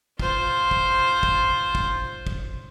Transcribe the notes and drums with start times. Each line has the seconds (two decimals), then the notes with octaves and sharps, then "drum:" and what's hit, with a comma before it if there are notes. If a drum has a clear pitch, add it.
0.19 F4 C5, drum: kick
0.71 drum: kick
1.23 drum: kick
1.75 drum: kick
2.27 drum: kick